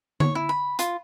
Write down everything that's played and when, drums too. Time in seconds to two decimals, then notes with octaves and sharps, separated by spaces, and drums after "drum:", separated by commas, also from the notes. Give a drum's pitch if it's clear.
0.20 C#5, drum: tom D3
0.35 E4
0.49 B5
0.79 F4, drum: hi-hat